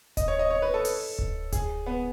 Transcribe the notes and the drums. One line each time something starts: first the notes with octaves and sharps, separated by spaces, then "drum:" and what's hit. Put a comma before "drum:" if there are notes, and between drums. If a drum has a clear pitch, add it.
D#5, drum: kick D1, hi-hat
C#5
D#5
C#5
B4
A4
drum: open hi-hat
drum: kick D1
G#4, drum: kick D1, hi-hat
B3